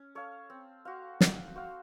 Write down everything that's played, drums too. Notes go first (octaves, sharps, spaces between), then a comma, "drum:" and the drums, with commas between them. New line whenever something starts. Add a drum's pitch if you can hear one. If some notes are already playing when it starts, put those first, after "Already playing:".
Already playing: C#4
A4 C#5 F5
C4
F#4 C5 F5
C4, drum: snare
F#4 C5 F5